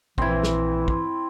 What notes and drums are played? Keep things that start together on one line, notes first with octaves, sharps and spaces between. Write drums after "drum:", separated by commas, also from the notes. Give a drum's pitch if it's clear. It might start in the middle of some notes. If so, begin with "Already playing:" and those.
A#1 E3 C4 E4, drum: kick
drum: snare
drum: kick